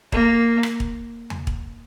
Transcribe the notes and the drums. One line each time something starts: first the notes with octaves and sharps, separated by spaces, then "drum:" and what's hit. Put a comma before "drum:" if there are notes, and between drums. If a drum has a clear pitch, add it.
A#3, drum: kick
drum: rim click
drum: kick
drum: tom E2
drum: kick